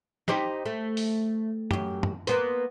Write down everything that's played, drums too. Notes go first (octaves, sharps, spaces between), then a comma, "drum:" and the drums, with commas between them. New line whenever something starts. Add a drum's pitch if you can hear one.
D#4 G4 C5, drum: snare
A3
drum: open hi-hat
F#2 G4, drum: tom
drum: tom
A#3 B3 C5, drum: hi-hat